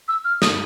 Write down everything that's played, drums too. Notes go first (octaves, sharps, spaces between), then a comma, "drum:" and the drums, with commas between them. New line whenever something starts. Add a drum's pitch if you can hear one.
E6
F6
D#6, drum: snare